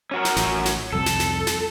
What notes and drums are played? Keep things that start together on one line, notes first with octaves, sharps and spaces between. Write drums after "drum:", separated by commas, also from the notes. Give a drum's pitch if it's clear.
C#4 F#4 A#4
drum: snare
A1, drum: snare
drum: snare
C2 F2 A4
drum: snare
drum: snare
drum: snare